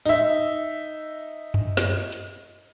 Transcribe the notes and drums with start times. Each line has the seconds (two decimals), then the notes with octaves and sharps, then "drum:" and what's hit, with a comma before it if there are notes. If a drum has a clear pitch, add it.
0.05 D#4 E5, drum: tambourine
1.54 drum: tom F#2
1.77 drum: snare
2.12 drum: hi-hat